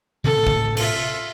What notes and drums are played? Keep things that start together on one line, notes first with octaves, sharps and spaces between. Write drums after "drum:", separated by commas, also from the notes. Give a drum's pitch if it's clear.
A2 C3 C#4 A4
drum: kick
F4 E5, drum: cymbal